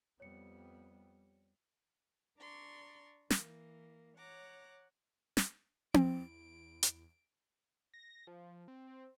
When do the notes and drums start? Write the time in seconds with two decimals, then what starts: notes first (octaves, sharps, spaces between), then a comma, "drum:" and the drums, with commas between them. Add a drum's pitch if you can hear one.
0.20 F2 G3 B3 C#5 C#7
2.39 D4 D5 A#5 C6 C#6
3.30 E3 A#3, drum: snare
4.18 C#5 F#5 A#5 D6
5.37 drum: snare
5.94 E2 E4 D7, drum: tom C4
6.83 drum: hi-hat
7.94 A#6
8.27 F3
8.68 C4